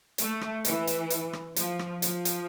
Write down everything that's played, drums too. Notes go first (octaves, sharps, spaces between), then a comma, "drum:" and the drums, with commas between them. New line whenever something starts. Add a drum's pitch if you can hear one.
A3, drum: hi-hat
drum: rim click
E3, drum: hi-hat
drum: hi-hat
drum: hi-hat
drum: rim click
F3, drum: hi-hat
drum: rim click
F3, drum: hi-hat
drum: hi-hat